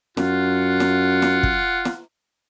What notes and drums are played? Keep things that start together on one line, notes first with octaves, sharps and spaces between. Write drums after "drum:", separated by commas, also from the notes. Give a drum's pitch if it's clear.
F#2 F4 F#5, drum: snare
drum: snare
drum: snare
drum: kick
drum: snare